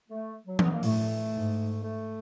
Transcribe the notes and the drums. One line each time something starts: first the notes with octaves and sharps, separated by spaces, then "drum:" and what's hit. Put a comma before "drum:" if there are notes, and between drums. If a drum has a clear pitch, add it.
A3
F#3
B3, drum: tom E3
A#3
A2 A3, drum: open hi-hat
G#2
A3